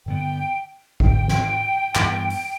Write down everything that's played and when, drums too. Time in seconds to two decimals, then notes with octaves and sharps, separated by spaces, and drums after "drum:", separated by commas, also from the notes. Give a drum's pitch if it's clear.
0.06 G2 D3 B3 G5
1.00 E1 D2 D3 G5, drum: kick G#1
1.28 drum: snare
1.95 G2 E3 B3, drum: clap
2.30 drum: open hi-hat